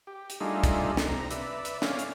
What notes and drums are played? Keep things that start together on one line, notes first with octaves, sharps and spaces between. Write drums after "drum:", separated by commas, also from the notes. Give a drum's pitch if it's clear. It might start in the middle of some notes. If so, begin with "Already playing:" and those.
G4
drum: hi-hat
G3 A3 D4 D#4 F4 G#4
drum: kick, hi-hat
drum: snare
C3 A#5
B4 D5 E5, drum: hi-hat
drum: hi-hat
C#4 D5 F5, drum: snare
drum: hi-hat